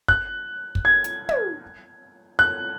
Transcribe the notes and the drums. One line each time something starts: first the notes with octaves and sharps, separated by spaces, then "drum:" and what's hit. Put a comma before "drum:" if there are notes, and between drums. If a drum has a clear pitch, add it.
F#6, drum: kick
drum: kick
G#6
drum: hi-hat
drum: tom
F#6